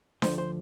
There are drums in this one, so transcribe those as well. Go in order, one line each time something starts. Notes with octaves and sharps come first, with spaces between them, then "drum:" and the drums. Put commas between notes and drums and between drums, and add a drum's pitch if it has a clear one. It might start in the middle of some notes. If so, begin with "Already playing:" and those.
D2 D3 F3 C5, drum: snare D4
C5